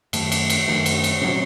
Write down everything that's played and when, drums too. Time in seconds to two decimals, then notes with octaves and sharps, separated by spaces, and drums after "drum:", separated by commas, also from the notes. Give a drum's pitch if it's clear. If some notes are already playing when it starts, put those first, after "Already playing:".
0.13 F#2 D#3 A3, drum: cymbal
0.32 drum: cymbal
0.50 drum: cymbal
0.68 F#2 D#3 A3, drum: snare
0.86 drum: cymbal
1.04 drum: cymbal
1.22 C3 F#3 C#4, drum: tom A#2